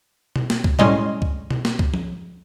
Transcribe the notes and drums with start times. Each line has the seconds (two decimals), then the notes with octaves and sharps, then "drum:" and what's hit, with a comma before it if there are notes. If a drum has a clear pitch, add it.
0.36 drum: tom B2
0.50 drum: snare A#3
0.64 drum: kick C#2
0.79 A2 G3 G#3 C#4 D#5 C6, drum: tom B2
1.22 drum: kick C#2
1.51 drum: tom B2
1.65 drum: snare A#3
1.79 drum: kick C#2
1.94 drum: tom F3